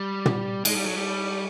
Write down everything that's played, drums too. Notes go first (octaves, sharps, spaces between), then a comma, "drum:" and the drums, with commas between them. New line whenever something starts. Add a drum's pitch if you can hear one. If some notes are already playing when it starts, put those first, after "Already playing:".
Already playing: G3
drum: tom
G#3, drum: cymbal
G3
F#3
G3